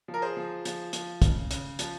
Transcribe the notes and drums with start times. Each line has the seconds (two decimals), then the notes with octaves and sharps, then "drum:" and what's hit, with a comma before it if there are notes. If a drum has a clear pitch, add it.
0.08 F3
0.14 A#4
0.22 G#4 C5
0.37 F3
0.65 F3, drum: hi-hat
0.93 F3, drum: hi-hat
1.22 C#3, drum: kick, hi-hat
1.51 C#3, drum: hi-hat
1.79 F3, drum: hi-hat